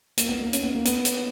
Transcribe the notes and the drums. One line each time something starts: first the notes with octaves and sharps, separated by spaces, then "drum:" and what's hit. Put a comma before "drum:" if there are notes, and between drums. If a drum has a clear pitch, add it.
A#3, drum: hi-hat
B3
A#3
C#4, drum: hi-hat
B3
A#3
B3, drum: hi-hat
drum: hi-hat